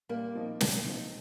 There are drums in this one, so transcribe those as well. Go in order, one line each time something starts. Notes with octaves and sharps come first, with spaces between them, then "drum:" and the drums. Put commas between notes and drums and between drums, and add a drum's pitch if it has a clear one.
A#2 G3 A#3
F3 C4 D#4
A#2, drum: snare
F3 C4 D#4